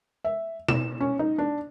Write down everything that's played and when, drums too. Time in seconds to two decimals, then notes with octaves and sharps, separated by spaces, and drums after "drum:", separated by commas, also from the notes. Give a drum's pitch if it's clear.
0.25 E5
0.68 E7, drum: tom B2
1.00 C#4
1.19 D#4
1.38 D4